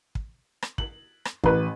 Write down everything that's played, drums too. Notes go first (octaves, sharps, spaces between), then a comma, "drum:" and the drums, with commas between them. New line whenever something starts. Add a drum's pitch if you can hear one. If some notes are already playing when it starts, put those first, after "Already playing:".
drum: kick
drum: rim click
F#7, drum: kick
drum: rim click
A1 B4, drum: kick